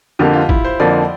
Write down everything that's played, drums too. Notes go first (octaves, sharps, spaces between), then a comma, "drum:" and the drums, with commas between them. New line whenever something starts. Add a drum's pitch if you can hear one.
F2 D3 F3 A#3 G4
F4
E4, drum: kick
C5
F2 D3 F3 A#3 D5